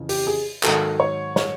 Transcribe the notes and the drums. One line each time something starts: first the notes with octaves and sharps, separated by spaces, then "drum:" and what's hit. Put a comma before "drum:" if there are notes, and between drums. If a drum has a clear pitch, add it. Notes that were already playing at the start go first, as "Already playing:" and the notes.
Already playing: F2 C#3 E3
G4, drum: open hi-hat
G#4
G#2 D#3 F#3 A4, drum: clap
C#5
C#5, drum: snare